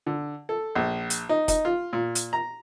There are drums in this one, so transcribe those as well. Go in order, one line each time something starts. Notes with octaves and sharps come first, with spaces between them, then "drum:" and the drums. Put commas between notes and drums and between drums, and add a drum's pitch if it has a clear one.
D3
A4
A#1
drum: hi-hat
D#4
D#4, drum: kick F1, hi-hat
F4
A#2
drum: hi-hat
A#5